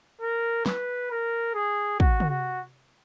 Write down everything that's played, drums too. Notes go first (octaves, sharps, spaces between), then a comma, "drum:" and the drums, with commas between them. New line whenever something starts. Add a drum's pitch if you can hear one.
A#4
B4, drum: snare
A#4
G#4
F#4, drum: kick
drum: tom
F#4